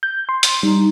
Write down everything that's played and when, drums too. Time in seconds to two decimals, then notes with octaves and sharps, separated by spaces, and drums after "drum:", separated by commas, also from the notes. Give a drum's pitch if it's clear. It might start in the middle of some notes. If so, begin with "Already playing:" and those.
0.03 G6
0.29 C6
0.43 drum: hi-hat
0.63 G3 D#4